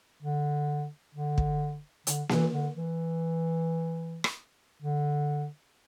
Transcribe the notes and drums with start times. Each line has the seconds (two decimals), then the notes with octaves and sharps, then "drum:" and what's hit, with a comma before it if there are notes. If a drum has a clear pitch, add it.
0.22 D3
1.14 D3
1.38 drum: kick
2.07 D3, drum: hi-hat
2.29 E3, drum: snare A#3
2.52 D3
2.76 E3
4.24 drum: rim click
4.82 D3